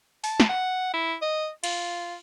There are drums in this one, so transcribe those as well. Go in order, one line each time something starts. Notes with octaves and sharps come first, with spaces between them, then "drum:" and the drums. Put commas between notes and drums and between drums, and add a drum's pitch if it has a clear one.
A5, drum: open hi-hat
drum: snare
F#5
E4
D#5
F4, drum: cymbal